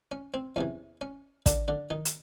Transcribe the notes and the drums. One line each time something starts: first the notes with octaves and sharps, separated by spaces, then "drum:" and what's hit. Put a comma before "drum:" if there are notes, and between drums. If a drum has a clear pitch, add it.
C#4
C4
E2 C3 E3 C#4
C#4
D3 D4, drum: kick, hi-hat
D3 D4
D#3 D#4
drum: hi-hat